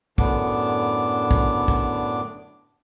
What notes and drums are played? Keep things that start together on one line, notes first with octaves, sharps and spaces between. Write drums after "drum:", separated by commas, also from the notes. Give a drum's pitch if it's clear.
F#2 A2 D3 B3 D4 D6, drum: kick
drum: kick
drum: kick